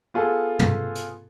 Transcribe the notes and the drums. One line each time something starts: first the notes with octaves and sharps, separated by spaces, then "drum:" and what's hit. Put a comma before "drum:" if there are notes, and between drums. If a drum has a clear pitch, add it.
B3 F4 G#4 A4
drum: tom
drum: hi-hat